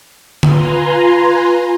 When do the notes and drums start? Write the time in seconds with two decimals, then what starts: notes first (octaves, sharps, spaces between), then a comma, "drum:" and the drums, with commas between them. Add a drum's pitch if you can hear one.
0.43 F4 B4 G#5 A#5 C6, drum: tom D3